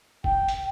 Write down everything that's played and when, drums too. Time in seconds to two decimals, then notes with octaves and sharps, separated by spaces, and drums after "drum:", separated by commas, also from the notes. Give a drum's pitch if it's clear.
0.24 G5, drum: kick
0.49 drum: hi-hat